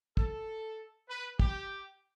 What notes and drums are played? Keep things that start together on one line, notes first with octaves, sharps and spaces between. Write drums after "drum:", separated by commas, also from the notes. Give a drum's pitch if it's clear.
A4, drum: kick
B4
G4, drum: kick